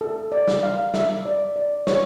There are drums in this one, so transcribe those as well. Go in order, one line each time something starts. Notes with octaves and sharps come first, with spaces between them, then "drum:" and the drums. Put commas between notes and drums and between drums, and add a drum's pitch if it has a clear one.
A4
D5
drum: snare
F5
E5, drum: snare
D5
D5
C#5, drum: snare